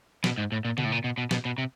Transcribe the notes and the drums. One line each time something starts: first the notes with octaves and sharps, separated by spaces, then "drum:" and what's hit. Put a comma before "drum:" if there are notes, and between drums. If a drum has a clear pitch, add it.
B2, drum: snare
G#2
A2
A#2
B2, drum: tom C#3
A2
A#2
B2
B2
B2, drum: snare
B2
C3